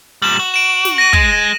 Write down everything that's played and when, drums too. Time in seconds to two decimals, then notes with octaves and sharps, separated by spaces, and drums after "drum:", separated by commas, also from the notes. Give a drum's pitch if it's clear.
0.22 A#2 G3 E7 F#7
0.39 F#4
0.54 D7 E7
0.85 drum: snare
0.98 A#6 D#7
1.13 G#3, drum: kick